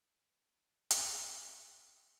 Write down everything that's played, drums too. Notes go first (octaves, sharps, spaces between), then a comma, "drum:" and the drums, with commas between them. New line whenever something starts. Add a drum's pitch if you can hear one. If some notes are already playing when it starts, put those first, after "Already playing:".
Already playing: D#2 D3 G3
A#3 A#4
A3 A4
A3 A4
drum: hi-hat
A3 A4
A#3 A#4
A#3 A#4
F2 C3 D#3 G3